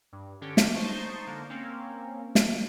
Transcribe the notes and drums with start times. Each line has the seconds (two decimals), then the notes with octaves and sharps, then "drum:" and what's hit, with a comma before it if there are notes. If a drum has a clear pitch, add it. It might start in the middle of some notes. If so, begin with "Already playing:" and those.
0.13 G2
0.41 D3 C#4 G4
0.57 drum: snare
0.74 D#4 C5 A5 C6 C#6
1.27 D3 A#3
1.50 A#3 C4 C#4
2.35 drum: snare